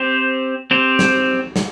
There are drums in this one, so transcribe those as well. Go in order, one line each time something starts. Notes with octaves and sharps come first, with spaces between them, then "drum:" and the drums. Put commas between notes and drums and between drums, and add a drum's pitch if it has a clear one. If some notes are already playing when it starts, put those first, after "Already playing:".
Already playing: C4 G4 C5
C4 G4 C5
drum: snare
drum: snare